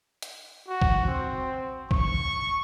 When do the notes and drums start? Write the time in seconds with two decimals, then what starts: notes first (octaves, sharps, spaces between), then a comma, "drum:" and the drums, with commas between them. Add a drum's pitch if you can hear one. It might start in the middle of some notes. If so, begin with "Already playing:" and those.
0.22 drum: hi-hat
0.68 F#4
0.82 drum: kick
1.06 C4
1.91 C#6, drum: kick